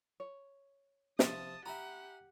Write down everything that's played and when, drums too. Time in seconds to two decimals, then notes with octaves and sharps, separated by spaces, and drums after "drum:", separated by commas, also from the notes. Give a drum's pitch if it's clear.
0.20 C#5
1.19 C3 F3 A5 D#6, drum: snare
1.66 G4 E5 F#5 G#5 A#5 B5 D#6